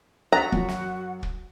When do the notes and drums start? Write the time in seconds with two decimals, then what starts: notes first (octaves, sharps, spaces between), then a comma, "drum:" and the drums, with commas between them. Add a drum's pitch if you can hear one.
0.32 F#4 F#5 A#5 F#6 A6 B6
0.52 F#2 F#3, drum: kick
0.69 drum: snare
1.23 drum: kick